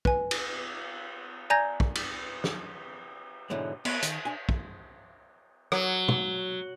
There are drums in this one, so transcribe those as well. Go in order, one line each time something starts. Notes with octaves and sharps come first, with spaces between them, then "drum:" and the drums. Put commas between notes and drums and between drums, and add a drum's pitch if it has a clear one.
B4 G#5, drum: kick
drum: cymbal
D5 G#5 A#5 G6 G#6 A#6
drum: kick
drum: cymbal
drum: snare
G#2 B2 D3 E3 F#3 G#3
B3, drum: cymbal
D#3, drum: hi-hat
D4 G#5
drum: kick
F#3, drum: rim click
drum: tom